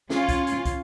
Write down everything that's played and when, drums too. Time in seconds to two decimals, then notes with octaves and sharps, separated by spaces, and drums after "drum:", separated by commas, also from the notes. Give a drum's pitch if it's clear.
0.10 C#4 F4, drum: snare
0.29 drum: kick, hi-hat
0.47 drum: hi-hat
0.65 drum: kick, hi-hat